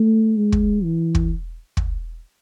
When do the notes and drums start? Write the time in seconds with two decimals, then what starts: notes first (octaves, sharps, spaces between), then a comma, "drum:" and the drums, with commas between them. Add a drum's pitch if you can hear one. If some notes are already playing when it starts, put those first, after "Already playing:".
Already playing: A3
0.37 G#3
0.52 drum: kick
0.83 E3
1.15 drum: kick
1.77 drum: kick